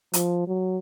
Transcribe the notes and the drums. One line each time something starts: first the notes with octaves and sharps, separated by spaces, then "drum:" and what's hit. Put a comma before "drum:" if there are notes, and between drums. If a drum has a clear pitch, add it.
F3, drum: hi-hat
F#3